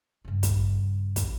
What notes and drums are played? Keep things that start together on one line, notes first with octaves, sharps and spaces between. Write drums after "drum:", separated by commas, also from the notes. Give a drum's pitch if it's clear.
G2 C#3
drum: kick, hi-hat
drum: kick, hi-hat